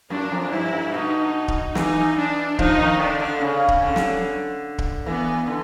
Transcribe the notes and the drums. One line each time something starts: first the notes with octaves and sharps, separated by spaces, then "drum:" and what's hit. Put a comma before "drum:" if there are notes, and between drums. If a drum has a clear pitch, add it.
F#2 D4
F2
G2 E4
G2
B2 D#4
drum: kick D1
E3 D#4, drum: snare
D4
F3 D#4, drum: kick D1
D#3
D3 D4
D3
C#3 C#4
drum: kick D1
D3
drum: snare
drum: kick D1
E3 B3
D3